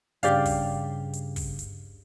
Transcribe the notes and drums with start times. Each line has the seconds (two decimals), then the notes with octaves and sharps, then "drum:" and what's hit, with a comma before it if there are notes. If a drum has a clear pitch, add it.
0.23 G2 C#3 G4 D5 F5, drum: hi-hat
0.45 drum: kick, open hi-hat
1.13 drum: hi-hat
1.36 drum: kick, open hi-hat
1.59 drum: hi-hat